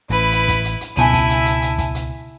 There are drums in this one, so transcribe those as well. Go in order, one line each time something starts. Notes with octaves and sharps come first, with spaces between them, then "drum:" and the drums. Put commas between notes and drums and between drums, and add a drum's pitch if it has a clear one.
A1 E4 B4
drum: hi-hat
drum: kick, hi-hat
drum: hi-hat
drum: hi-hat
C#2 B2 E4 E5 G#5 A5 D#7, drum: hi-hat
drum: kick, hi-hat
drum: hi-hat
drum: hi-hat
drum: hi-hat
drum: kick, hi-hat
drum: hi-hat